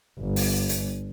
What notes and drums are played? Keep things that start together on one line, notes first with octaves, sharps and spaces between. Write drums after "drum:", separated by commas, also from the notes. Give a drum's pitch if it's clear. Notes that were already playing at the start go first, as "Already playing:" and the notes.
G1
drum: open hi-hat
drum: hi-hat